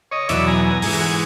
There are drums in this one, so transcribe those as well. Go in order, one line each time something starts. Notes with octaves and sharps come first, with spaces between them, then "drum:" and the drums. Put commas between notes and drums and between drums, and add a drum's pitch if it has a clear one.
C#5 D#5
E2 B2 F#3 D5 E5, drum: hi-hat
G#5 A#5
G#5 A#5
G#2 E3 G#5 A#5, drum: open hi-hat
F#5 G#5